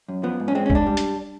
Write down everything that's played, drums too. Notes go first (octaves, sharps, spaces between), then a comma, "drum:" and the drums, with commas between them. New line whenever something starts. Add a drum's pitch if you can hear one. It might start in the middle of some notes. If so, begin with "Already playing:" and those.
F#2
F3 B3
G#2
C#4
G#3 C4
C#4
G#2, drum: kick
D4
G3
drum: hi-hat